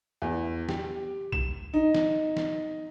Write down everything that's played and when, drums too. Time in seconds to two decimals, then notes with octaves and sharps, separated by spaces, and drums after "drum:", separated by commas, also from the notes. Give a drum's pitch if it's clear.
0.22 E2
0.69 G4, drum: snare
1.32 E7, drum: kick
1.74 D#4
1.95 drum: snare
2.37 drum: snare